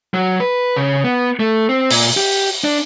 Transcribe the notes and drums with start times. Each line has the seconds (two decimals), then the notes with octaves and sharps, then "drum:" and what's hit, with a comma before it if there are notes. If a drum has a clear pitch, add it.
0.14 F#3
0.40 B4
0.77 C#3
1.04 B3
1.40 A3
1.69 C4
1.91 A#2, drum: open hi-hat
2.17 G4
2.64 D4